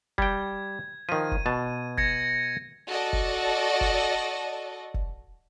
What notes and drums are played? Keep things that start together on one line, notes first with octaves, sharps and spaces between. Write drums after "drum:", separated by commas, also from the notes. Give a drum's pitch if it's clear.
G3 G5 G#6, drum: kick
D#3 F3 D#7
drum: kick
B2 A5
G#6 A#6 C#7, drum: kick
F#4 A4 D5 D#5
drum: kick
drum: kick
drum: kick